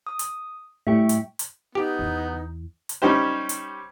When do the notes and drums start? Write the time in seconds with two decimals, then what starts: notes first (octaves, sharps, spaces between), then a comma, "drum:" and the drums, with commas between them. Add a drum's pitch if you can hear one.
0.07 D#6
0.19 drum: hi-hat
0.87 A2 G3 E5 G5 C#6
1.09 drum: hi-hat
1.39 drum: hi-hat
1.75 B3 D#4 G4
1.99 E2
2.89 drum: hi-hat
3.02 G3 C#4 D#4 G4 C5
3.49 drum: hi-hat